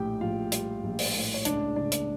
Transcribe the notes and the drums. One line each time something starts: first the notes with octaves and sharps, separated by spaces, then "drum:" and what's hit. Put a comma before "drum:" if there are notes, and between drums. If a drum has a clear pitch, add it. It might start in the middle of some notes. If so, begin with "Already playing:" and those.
Already playing: A#1 A2 G4 G5
A#1 F4 F5
G3, drum: hi-hat
A#1
drum: open hi-hat
A2
C#5
C#2 D4 D5, drum: hi-hat
C#3 D4 D5
drum: hi-hat